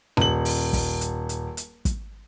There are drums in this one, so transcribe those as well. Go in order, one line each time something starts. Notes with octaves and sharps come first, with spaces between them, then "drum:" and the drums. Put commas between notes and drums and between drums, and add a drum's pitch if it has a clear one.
D#1 F#7, drum: rim click
drum: open hi-hat
drum: kick, open hi-hat
drum: hi-hat
drum: hi-hat
drum: hi-hat
drum: kick, hi-hat